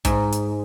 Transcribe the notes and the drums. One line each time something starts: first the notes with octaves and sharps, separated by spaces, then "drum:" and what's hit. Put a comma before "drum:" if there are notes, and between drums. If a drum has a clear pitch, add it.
G#2, drum: kick, hi-hat
drum: hi-hat